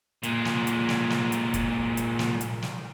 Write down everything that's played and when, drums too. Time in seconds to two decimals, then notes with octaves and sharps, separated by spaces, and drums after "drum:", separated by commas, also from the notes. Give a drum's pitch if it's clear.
0.23 A#2 G#3, drum: hi-hat
0.45 drum: snare
0.67 drum: hi-hat
0.89 drum: snare
1.10 drum: snare
1.32 drum: hi-hat
1.54 drum: kick, hi-hat
1.97 drum: hi-hat
2.19 drum: snare
2.41 drum: hi-hat
2.62 drum: snare